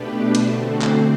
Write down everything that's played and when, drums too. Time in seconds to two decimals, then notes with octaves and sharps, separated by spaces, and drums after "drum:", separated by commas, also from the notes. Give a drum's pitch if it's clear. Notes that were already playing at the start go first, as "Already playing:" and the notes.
Already playing: B2 A3 D4 G4 B4
0.35 D3 A3 C4 F#4 C5, drum: cymbal
0.81 drum: clap